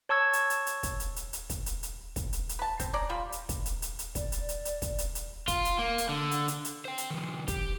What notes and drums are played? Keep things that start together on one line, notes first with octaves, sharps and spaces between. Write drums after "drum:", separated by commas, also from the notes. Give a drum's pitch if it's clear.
C#5 A5 C#6 E6 G#6
drum: hi-hat
drum: hi-hat
drum: hi-hat
drum: kick, hi-hat
drum: hi-hat
drum: hi-hat
drum: hi-hat
drum: kick, hi-hat
drum: hi-hat
drum: hi-hat
drum: kick, hi-hat
drum: hi-hat
drum: hi-hat
B4 A5
C4, drum: kick, hi-hat
C#4 D5 A#5
G3 F4 B5
drum: hi-hat
drum: kick, hi-hat
drum: hi-hat
drum: hi-hat
drum: hi-hat
D5, drum: kick, hi-hat
drum: hi-hat
drum: hi-hat
drum: hi-hat
drum: kick, hi-hat
drum: hi-hat
drum: hi-hat
F4, drum: kick, hi-hat
drum: hi-hat
A#3
drum: hi-hat
D3
drum: hi-hat
drum: hi-hat
drum: hi-hat
C5 G5
drum: hi-hat
D#3 F3
G4, drum: kick, hi-hat